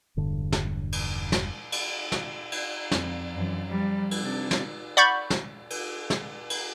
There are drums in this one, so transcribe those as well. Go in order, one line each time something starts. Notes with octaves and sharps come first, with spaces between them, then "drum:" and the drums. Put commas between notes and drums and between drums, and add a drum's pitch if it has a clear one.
E1 G2 D3
drum: snare
drum: cymbal
drum: snare
drum: cymbal
drum: snare
drum: cymbal
F2 F3, drum: snare
F#2 E3
F3 G3
drum: cymbal
C3 D4
drum: snare
D5 F#5 B5 C#6 G6
drum: snare
drum: cymbal
drum: snare
drum: cymbal